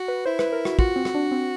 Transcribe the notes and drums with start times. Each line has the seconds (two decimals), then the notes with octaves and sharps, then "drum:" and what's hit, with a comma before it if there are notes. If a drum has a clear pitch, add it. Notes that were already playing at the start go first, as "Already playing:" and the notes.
Already playing: F#4
0.08 B4
0.25 E4 C5
0.39 B4, drum: rim click
0.53 A#4
0.65 F#4, drum: rim click
0.79 F4 F#4, drum: kick
0.96 C4
1.05 drum: rim click
1.15 D4
1.31 C4